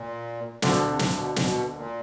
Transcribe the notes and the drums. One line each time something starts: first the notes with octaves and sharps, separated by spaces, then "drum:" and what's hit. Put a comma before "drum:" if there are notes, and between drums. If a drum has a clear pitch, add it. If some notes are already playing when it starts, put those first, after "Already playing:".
Already playing: A#2
D2 B2 D3 F3, drum: snare
C3
drum: snare
B2
B2, drum: snare
A#2